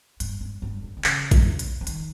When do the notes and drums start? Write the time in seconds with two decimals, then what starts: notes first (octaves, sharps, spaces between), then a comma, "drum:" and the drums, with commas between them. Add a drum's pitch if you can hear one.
0.20 G2, drum: hi-hat
0.41 G2
0.62 G2
0.83 F2
0.97 D#3
1.04 C#3, drum: clap
1.31 drum: kick A#1, hi-hat
1.59 drum: hi-hat
1.81 F3
1.87 D#3, drum: hi-hat